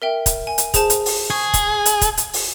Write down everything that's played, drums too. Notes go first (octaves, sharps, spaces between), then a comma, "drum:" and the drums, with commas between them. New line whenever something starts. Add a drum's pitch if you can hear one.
A#4 E5 G5
drum: kick, hi-hat
G#5
drum: hi-hat
G#4 C5 A5, drum: kick, hi-hat
drum: hi-hat
drum: open hi-hat
G#4 C#6
drum: kick, hi-hat
drum: hi-hat
drum: kick, hi-hat
drum: hi-hat
drum: open hi-hat